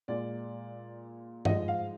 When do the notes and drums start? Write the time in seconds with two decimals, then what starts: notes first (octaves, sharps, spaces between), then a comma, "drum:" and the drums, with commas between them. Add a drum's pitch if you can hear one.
0.08 A#2 G#3 D5
1.45 G#2 F3 G#3 D#5, drum: tom G2
1.68 F5